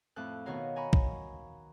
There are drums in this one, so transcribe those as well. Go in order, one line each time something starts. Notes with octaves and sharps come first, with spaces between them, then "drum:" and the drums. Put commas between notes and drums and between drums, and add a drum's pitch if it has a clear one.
F2 A2 A5 F#6
B2 D#3 F#4 C#5 F5 A#5
G#5 A#5 B5 C#6
drum: kick